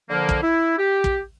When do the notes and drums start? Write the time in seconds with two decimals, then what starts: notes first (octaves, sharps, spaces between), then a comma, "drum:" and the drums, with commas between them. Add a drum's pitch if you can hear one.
0.10 D3 F3 A#3
0.29 drum: kick
0.42 E4
0.78 G4
1.04 drum: kick